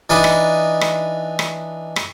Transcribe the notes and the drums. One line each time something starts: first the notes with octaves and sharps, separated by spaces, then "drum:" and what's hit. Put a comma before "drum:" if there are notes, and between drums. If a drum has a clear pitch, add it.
E3 D4 D#4 B4
drum: rim click
drum: rim click
drum: rim click
drum: rim click